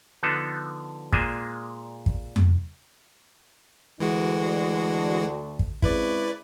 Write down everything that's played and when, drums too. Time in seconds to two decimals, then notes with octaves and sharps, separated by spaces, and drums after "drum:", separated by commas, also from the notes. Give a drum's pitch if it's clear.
0.23 D3 F3 B3 D4 D#4 A4
1.12 A#2 G#3 A#3 D4 C5 G#5, drum: kick
2.06 drum: kick
2.36 drum: tom F2
4.00 D2 E3 G#3 D4 F#4
5.59 drum: kick
5.82 C#3 G#3 C4 E4 B4 D5, drum: kick